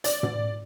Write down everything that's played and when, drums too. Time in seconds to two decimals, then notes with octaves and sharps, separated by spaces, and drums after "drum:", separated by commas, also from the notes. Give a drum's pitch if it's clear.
0.04 D5, drum: hi-hat
0.23 drum: tom